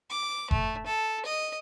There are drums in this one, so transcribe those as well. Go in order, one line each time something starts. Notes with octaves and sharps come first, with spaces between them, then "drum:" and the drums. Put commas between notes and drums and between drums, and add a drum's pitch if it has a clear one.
D6
A3, drum: kick F1
A4
D#5